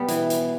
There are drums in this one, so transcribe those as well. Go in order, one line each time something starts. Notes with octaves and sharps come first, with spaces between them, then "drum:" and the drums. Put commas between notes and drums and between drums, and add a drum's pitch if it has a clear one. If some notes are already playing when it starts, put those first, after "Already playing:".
Already playing: B2 G3 B3
E3, drum: hi-hat
drum: hi-hat